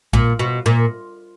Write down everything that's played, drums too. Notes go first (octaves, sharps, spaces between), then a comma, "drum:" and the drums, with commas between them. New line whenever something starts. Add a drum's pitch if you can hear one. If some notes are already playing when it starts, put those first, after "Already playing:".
A#2, drum: kick A#1
B2
A#2